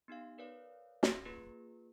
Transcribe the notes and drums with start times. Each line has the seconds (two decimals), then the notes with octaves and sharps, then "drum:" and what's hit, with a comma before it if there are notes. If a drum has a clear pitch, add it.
0.08 B3 D#4 G4 F5
0.38 A#4 B4 C#5 D5 F5
1.03 C#4 C6 A#6, drum: snare
1.25 A#3 F4 G#4 B4